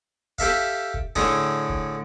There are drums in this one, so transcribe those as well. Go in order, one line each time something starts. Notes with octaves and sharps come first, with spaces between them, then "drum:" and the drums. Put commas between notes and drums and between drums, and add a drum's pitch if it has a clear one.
G4 A4 E5 F5, drum: kick
drum: kick
A2 D3 D4 G#4 A4, drum: kick
drum: kick